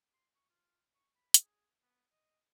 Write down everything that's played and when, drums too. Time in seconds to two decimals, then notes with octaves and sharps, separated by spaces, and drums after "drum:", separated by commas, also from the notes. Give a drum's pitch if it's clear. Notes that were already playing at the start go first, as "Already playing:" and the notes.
0.14 C6
0.35 C#6
0.50 F4
0.95 C#6
1.15 B5
1.34 G#4, drum: hi-hat
1.83 B3
2.12 D#5